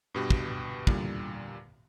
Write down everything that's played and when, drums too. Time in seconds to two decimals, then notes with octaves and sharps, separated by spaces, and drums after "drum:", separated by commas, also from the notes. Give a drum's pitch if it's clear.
0.14 G2 B2 G4 B4
0.30 drum: kick
0.87 E2 A#2 D3 G3, drum: kick